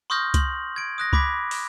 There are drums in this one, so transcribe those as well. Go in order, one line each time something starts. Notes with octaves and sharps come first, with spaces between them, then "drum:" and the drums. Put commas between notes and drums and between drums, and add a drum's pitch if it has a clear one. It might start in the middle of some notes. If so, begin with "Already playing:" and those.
C6 C#6 D#6 F6 G6 A#6
C6 F#7, drum: kick C#2, hi-hat
G#6 D7
D#6 F#6 A#6
B5 D6 G#6 B6, drum: kick C#2
drum: open hi-hat